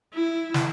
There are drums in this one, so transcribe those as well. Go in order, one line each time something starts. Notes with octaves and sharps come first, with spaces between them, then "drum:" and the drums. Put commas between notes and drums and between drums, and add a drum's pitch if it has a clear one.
E4
drum: snare